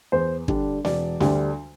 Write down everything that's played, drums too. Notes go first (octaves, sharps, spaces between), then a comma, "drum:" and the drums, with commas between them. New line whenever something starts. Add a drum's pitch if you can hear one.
E2 C5
D3 G3 D4, drum: kick
E1 D5, drum: snare
D2 D3 G3 D4, drum: snare